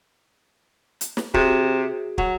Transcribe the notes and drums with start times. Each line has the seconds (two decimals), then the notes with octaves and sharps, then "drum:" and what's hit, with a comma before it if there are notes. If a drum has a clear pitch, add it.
1.01 drum: hi-hat
1.17 drum: snare
1.34 C3 F#4 G#4, drum: kick
2.18 F#3, drum: kick